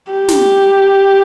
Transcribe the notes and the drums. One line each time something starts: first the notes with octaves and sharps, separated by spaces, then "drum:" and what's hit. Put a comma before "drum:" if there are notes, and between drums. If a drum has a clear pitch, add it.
G4
drum: snare